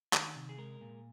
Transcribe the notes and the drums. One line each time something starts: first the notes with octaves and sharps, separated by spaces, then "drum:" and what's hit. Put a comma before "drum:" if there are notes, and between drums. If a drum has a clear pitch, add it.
D#3, drum: clap
C3
G#4
G#3 A#4
A#2